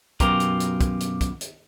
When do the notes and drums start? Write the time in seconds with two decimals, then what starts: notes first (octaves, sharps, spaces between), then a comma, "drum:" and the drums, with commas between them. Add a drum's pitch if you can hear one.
0.20 F#2 B2 F4 G4 A#4, drum: kick, hi-hat
0.40 drum: hi-hat
0.60 drum: hi-hat
0.81 drum: kick, hi-hat
1.01 drum: hi-hat
1.21 drum: kick, hi-hat
1.41 drum: hi-hat